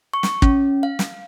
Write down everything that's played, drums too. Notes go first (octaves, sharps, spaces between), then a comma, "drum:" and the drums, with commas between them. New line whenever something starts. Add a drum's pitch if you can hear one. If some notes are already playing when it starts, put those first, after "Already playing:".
C#6
drum: snare
C#4, drum: kick
F5
drum: snare